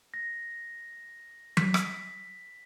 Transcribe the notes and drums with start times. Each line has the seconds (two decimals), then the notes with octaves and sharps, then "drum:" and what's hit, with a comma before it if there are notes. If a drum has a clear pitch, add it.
0.14 A#6
1.57 B6, drum: tom F#3
1.74 drum: rim click